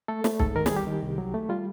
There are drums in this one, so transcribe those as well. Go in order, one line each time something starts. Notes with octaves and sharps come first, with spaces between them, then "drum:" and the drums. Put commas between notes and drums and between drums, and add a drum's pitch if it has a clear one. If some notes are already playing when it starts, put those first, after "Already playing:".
A3 A4
A3, drum: snare
G#2 A4, drum: kick B1
D#3 A#4
G#4, drum: snare
G3
G4
D#3
C2
F#3
A3
G3 F4